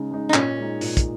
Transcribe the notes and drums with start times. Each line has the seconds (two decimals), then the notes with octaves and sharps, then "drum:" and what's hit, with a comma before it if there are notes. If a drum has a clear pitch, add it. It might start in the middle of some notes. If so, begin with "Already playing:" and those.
Already playing: C#3 G#3 D#4
0.11 G#3 D#4
0.29 D#4
0.34 A#2 C#4, drum: clap
0.58 G#3 D#4
0.81 A#2, drum: open hi-hat
0.97 drum: kick, hi-hat